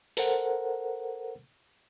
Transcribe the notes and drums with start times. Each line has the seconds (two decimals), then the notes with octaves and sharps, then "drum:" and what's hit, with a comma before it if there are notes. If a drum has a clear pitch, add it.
0.17 A4 A#4 C5 F#5, drum: open hi-hat